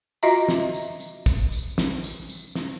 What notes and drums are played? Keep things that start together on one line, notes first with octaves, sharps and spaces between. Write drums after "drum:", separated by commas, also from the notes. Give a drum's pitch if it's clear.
F4 F#4 D#5 E5 A#5, drum: tambourine
drum: snare
drum: tambourine
drum: tambourine
drum: kick, tambourine
drum: tambourine
drum: snare
drum: tambourine
drum: tambourine
drum: snare